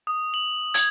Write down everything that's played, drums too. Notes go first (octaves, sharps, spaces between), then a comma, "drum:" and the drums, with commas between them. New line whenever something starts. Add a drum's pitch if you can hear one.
D#6
F#7
G#6, drum: hi-hat